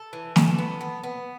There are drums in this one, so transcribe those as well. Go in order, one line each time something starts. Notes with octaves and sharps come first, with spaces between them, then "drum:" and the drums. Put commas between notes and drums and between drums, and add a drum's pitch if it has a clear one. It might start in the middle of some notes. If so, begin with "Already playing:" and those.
Already playing: A4
E3
A4, drum: snare
B3
B3
B3